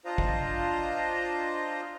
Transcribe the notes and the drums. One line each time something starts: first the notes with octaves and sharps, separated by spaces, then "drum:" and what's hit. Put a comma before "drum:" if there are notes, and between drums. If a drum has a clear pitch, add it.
D4 F4 C5 D#5 F5 A#5
drum: kick G#1